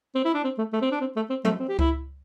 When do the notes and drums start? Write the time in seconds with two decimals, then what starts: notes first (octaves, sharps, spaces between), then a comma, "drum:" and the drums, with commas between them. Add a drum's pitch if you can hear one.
0.15 C4
0.25 E4
0.34 D4
0.44 C4
0.58 A3
0.73 A3
0.82 C4
0.92 D4
1.01 C4
1.16 A3
1.30 C4
1.45 A3, drum: tom F3
1.60 C4
1.69 G4
1.79 E4, drum: kick C#2